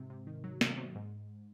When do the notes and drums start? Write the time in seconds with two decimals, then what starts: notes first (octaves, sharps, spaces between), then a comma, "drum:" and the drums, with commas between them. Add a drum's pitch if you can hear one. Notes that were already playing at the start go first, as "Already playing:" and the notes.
Already playing: G#2 C3
0.10 C3
0.27 D#3
0.44 F#3
0.61 C3, drum: snare
0.77 C3
0.95 G#2